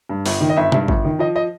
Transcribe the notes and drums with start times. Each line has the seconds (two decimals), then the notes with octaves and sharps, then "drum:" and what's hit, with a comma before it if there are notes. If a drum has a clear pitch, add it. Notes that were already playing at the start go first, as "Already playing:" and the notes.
0.09 G2
0.26 G1, drum: open hi-hat
0.41 D#3
0.49 D#5
0.56 G1 E5
0.72 G2, drum: tom C3
0.88 G1, drum: kick
1.04 D#3
1.19 F3 D#5
1.36 D#5